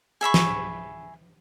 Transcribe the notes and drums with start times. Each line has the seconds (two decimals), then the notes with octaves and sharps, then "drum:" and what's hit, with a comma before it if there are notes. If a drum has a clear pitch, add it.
0.21 G#4 E5 B5 C#6
0.34 drum: snare